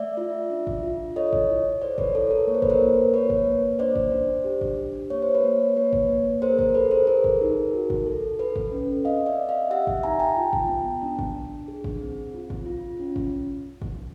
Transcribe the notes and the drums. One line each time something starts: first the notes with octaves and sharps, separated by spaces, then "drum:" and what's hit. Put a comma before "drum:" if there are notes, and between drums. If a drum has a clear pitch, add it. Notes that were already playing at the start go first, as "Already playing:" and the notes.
Already playing: A3 D5 E5
F4
D4
drum: kick
F4
A4 C#5 D#5
drum: kick
E4
A4 C5 D5
B4 C#5, drum: kick
E4 A4
A#4
A#3 C#5
C5
B4, drum: kick
A#4 C5
A#3
A#3 B4 C#5
drum: kick
A#3
D4 C5 D5
drum: kick
D4
G4
drum: kick
G4
A#3 C#5
C5
B4 C#5
A#3
A#3 B4 C#5
drum: kick
A#3
G#4 A#4 C5
A#4, drum: kick
G#4 A4 B4
A#4 C5
G#4 A#4
drum: kick
D#4
F#4
drum: kick
A4
A4 B4
drum: kick
C#4
C4 D#5 F5
D5 E5
C4
D#5 F5
G4 E5 F#5
drum: kick
D#4 G#5 A#5
G5 A5
F4
drum: kick
B3
D4
drum: kick
D4
G#4
drum: kick
C4
F4
drum: kick
F4
C#4
drum: kick
drum: kick